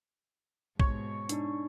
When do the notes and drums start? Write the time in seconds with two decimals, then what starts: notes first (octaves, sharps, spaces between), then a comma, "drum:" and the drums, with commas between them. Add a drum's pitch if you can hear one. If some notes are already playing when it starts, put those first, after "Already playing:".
0.80 G#2 B2 C#5, drum: kick A#1
1.29 D4 D#4, drum: hi-hat